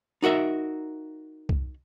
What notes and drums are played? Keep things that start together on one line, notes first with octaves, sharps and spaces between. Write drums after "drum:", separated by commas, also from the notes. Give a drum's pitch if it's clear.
D#4 F#4 A#4 E5
drum: kick C2